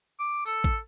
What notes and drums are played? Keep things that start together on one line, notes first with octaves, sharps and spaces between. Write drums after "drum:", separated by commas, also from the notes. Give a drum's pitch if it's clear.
D6
A4, drum: tambourine
drum: kick A1